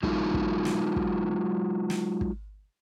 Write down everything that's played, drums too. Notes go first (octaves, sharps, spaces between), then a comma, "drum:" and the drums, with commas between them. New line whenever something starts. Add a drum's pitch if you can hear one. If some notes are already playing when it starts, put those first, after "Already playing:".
F#3 G#3 D#4 F4, drum: kick
drum: kick
drum: snare
drum: kick
drum: snare
drum: kick